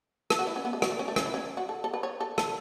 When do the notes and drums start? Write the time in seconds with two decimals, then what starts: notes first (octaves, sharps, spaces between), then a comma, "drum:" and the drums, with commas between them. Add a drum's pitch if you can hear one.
0.30 A4, drum: rim click
0.39 F#4
0.47 E4
0.56 C#4
0.65 B3
0.73 A3
0.82 F#3, drum: rim click
0.91 A3
0.99 C#4
1.08 A3
1.16 C#4, drum: rim click
1.26 E4
1.34 C#4
1.57 F#4
1.69 A4
1.84 A4
1.94 B4
2.03 C#5
2.20 A4
2.38 A4, drum: rim click